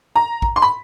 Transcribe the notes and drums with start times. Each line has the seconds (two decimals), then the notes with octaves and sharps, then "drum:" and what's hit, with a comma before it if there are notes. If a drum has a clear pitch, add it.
0.16 A#5
0.42 drum: kick
0.56 C6
0.62 B5